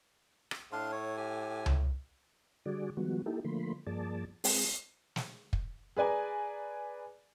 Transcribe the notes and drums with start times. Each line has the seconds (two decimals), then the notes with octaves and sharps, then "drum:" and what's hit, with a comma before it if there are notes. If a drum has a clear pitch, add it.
0.51 drum: rim click
0.72 A2 D4 F5 C6
0.92 C#5
1.17 G4 G#5
1.66 drum: tom C#2
2.66 D3 G3 F#4 G#4 D5
2.97 D#3 F3 G3 G#3 B3 F#4
3.26 A#3 D#4 E4 G4 A4
3.44 D3 F3 A3 A#3 B5 C6
3.87 G2 F3 A#3 G#4 D5 A5
4.44 G#3 C4 G#4, drum: open hi-hat
5.16 drum: snare
5.53 drum: kick
5.97 G#4 B4 D5 G#5 A#5